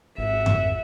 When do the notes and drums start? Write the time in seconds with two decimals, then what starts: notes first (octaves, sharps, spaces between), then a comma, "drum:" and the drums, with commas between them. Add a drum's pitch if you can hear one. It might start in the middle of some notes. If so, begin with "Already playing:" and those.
0.18 G#1 E5 F#5
0.46 drum: tom F2